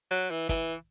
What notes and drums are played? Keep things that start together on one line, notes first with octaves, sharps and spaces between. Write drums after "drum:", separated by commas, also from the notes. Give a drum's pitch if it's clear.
F#3
E3
E3, drum: kick, hi-hat